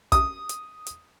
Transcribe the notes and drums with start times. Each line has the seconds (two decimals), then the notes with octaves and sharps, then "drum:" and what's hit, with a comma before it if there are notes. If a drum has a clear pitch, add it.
0.12 D#6, drum: kick, hi-hat
0.49 drum: hi-hat
0.86 drum: hi-hat